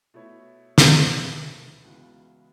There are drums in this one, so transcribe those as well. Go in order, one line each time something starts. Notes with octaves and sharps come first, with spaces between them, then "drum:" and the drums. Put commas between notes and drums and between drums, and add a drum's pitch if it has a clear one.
B2 A3 E4 C#5
drum: snare
B2 A3 E4 B4
C#2 C#3 E3 B3 F#4